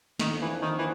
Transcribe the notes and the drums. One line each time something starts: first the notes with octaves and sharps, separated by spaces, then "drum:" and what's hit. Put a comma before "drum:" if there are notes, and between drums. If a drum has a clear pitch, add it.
F2 D3 D#3 F3 A#3, drum: snare
E3
D#3
E3